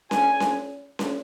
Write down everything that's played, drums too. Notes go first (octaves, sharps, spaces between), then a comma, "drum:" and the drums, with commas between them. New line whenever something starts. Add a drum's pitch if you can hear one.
G#5, drum: snare C#4
drum: snare C#4
drum: snare C#4